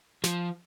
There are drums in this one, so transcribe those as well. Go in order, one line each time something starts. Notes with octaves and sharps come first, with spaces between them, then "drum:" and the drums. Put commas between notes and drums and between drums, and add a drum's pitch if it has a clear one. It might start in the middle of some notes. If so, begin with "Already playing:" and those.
F3, drum: snare